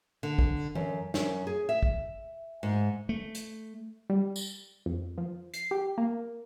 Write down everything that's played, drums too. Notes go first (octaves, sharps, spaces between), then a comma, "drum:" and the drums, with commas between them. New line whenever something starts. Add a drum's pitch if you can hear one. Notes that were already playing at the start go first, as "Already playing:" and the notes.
D3
drum: kick
F#2, drum: tom E3
F#2, drum: snare
G#4
E5
drum: kick
G#2
A3
drum: hi-hat
G3
drum: tambourine
F2
F3
C7, drum: hi-hat
G4
A#3